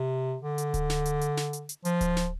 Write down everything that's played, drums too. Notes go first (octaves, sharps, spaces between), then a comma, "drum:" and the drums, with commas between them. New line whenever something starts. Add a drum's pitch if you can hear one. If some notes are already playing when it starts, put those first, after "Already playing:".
Already playing: C3
D3
drum: hi-hat
drum: kick D1, hi-hat
drum: snare
drum: hi-hat
drum: hi-hat
drum: snare
drum: hi-hat
drum: hi-hat
F3, drum: hi-hat
drum: kick D1, hi-hat
drum: snare